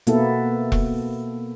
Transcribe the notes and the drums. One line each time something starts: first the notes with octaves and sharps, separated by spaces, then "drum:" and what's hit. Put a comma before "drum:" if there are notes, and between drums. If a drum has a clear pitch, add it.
B2 A#3 B3 E4 A4, drum: hi-hat
drum: kick E1